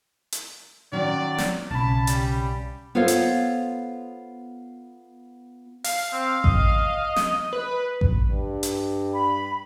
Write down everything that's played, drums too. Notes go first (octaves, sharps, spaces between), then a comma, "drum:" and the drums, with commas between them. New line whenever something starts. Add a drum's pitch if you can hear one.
drum: hi-hat
D#3 F#3 C#4 D5
drum: snare
B1 C#3 A5 B5
G3, drum: hi-hat
B3 F4 A4 C5 C#5 F5
drum: hi-hat
F5, drum: open hi-hat
C4
D#5, drum: kick A1
drum: snare
B4
drum: kick A1
G2
drum: hi-hat
B5